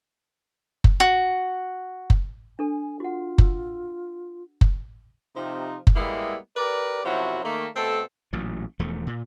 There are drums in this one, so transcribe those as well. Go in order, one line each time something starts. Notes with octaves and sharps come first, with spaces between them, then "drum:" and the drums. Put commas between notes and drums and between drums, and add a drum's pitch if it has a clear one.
drum: kick F#1
F#4
drum: kick F#1
D4 A4 G#5
F4 F#4 F#5
E6, drum: kick F#1
drum: kick F#1
C3 F3 D#4
drum: kick F#1
G3 G#3 A#3 B3 E4
G4 A#4 B4 D5
F#2 C3 F3 F#3 E4 F#4
D#3 A3 A#3
B2 A3 C4 A4
A1 A#2 F#3
E1 E2 F3 A3
A#2